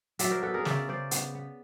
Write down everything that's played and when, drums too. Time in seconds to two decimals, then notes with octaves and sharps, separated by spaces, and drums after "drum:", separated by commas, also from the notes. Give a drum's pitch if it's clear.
0.19 F#3 D5 E5, drum: hi-hat
0.31 A#4 C5
0.42 B3 A4 B4
0.54 G#4 A#4
0.65 C#3 D5 E5, drum: snare
0.88 C#3 C5 D5
1.11 B3, drum: hi-hat
1.35 B3